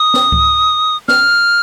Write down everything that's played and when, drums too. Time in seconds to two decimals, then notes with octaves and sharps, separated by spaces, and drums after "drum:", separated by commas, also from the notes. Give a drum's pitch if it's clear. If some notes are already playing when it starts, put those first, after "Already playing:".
Already playing: D#6
0.14 drum: snare
0.32 drum: kick C#2
1.08 F6, drum: snare